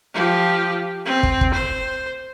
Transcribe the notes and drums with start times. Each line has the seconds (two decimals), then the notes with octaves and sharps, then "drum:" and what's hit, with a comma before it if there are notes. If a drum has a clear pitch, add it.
0.14 F3 G4
1.05 C4
1.23 drum: kick
1.41 drum: kick
1.54 C5